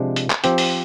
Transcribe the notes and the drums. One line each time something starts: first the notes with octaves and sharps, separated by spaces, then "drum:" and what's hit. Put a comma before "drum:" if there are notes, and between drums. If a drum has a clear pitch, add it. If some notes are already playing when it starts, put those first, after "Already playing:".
Already playing: C3 F3 G#3 D4
drum: hi-hat
drum: clap
F3 C4 G4, drum: hi-hat
drum: open hi-hat